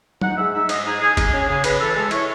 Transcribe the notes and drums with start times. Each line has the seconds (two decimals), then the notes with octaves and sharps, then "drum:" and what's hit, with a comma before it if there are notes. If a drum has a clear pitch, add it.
0.21 D#4 F#5, drum: tom
0.37 G#2 E5
0.53 D#4 E5
0.69 G#2 D#5, drum: cymbal
0.85 D#4 G#4
1.01 D#4 G#4
1.17 G#3 G#4, drum: kick, cymbal
1.32 C#4 G#4
1.48 C#3 G#4
1.64 C#3 B4, drum: cymbal
1.79 E3 A4
1.95 G#3 A4
2.11 E4 C#5, drum: cymbal